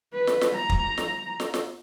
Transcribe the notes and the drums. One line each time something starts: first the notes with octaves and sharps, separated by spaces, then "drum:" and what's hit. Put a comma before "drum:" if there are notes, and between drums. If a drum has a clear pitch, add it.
B4
drum: snare
drum: snare
A#5
drum: kick
drum: snare
drum: snare
drum: snare